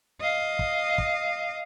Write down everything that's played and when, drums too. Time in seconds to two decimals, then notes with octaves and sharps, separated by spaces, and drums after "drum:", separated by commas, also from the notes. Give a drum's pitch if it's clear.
0.20 D#5 F5
0.59 drum: kick
0.98 drum: kick